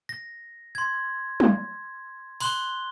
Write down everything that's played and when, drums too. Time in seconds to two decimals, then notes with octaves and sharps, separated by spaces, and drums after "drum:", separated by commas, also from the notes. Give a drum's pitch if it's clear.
0.09 A#6
0.75 C6 G#6
1.40 drum: tom
2.40 B5 C6 F#6 F#7 G7, drum: open hi-hat